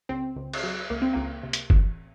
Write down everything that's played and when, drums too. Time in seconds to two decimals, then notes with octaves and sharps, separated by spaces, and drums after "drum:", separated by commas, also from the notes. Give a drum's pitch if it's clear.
0.09 C#2 C4
0.36 C#2
0.53 drum: cymbal
0.63 F#3
0.90 C#2 A#3
1.02 C4
1.13 C#2 A#3
1.43 C3
1.53 drum: hi-hat
1.70 A1, drum: kick